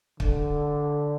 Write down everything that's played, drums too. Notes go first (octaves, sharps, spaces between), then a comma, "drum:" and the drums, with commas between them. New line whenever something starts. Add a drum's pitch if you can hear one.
D3, drum: kick